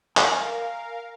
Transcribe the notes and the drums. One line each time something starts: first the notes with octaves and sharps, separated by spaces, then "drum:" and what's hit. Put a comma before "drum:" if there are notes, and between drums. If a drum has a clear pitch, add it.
A#4 F5 G#5, drum: clap